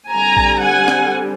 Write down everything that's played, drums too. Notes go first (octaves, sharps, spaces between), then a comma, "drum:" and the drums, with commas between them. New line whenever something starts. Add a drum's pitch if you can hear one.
D3 G3 C4 G#5 A#5
drum: kick A#1
F#5 G#5
drum: snare C4